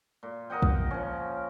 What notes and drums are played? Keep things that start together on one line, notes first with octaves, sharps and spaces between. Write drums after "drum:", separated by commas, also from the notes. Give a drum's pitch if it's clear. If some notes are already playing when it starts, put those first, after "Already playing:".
A#2
A#4 D#5 F#5 G5
drum: kick
F3 C#4